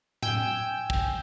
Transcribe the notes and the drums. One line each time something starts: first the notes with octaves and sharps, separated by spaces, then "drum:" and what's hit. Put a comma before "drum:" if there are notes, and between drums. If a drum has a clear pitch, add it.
G5 G#5 E6 G6, drum: tom A2
drum: kick